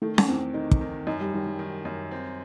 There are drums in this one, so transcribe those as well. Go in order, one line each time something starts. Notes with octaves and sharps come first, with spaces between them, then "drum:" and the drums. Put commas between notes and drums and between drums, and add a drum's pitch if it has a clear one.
D#3 A3
drum: snare C#4
E2 C4
D#3 D#4
drum: kick
D#3
F#2 D#4
G3
D#3 G3
G3
D#3
F#2
C4